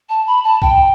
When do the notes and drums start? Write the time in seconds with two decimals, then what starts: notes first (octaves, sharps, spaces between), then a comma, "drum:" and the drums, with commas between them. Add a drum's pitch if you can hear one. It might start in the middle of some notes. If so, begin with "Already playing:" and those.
0.09 A5
0.27 B5
0.44 A5
0.62 G5, drum: kick B1